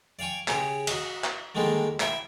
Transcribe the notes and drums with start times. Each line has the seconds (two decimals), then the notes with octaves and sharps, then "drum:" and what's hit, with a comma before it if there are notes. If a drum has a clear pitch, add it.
0.19 D5 F5 G5 G#5 C#6
0.48 C#3 C#4 G4 G#4, drum: clap
0.87 F#4 D#5, drum: cymbal
1.24 drum: clap
1.55 D3 D#3 G3 G#3 A#3 D4
2.00 E4 E5 G5, drum: clap